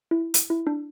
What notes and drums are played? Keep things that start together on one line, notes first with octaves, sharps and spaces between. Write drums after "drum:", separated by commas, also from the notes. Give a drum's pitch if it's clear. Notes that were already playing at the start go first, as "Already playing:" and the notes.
E4
drum: hi-hat
E4
D4